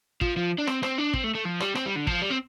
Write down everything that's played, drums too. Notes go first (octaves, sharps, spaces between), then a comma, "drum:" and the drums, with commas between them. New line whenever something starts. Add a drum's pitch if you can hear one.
F3, drum: kick
F3
D4
C4, drum: rim click
C4, drum: rim click
D4
C4, drum: kick
A3
A3
F3
G3, drum: rim click
C4, drum: rim click
G3
D3
F3, drum: kick
G3
C4